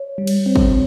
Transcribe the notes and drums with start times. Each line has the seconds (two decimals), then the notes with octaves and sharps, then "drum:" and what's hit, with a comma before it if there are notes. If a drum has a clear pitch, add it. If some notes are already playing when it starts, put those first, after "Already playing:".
Already playing: C#5
0.18 G3
0.27 drum: cymbal
0.46 C4
0.56 drum: kick